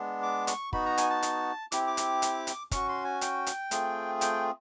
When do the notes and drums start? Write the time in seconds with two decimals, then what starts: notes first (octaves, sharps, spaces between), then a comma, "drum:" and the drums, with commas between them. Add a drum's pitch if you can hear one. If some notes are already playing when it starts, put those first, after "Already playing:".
Already playing: G#3 B3 D4
0.23 D6
0.47 C#6, drum: hi-hat
0.73 B3 D#4 F#4 B5, drum: kick
0.86 A#5
0.98 G#5, drum: hi-hat
1.10 A5
1.23 drum: hi-hat
1.72 C4 E4 G4 D6, drum: hi-hat
1.87 D6
1.97 drum: hi-hat
2.22 drum: hi-hat
2.47 drum: hi-hat
2.71 C#4 F#4 C#6, drum: kick, hi-hat
2.89 C6
3.04 G#5
3.21 G5, drum: hi-hat
3.47 drum: hi-hat
3.71 A3 C4 F4 G#4, drum: hi-hat
4.21 G5, drum: hi-hat